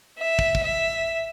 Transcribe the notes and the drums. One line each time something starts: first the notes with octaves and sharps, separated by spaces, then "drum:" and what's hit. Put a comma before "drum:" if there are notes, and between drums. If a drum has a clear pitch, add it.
E5
drum: kick
drum: kick
E5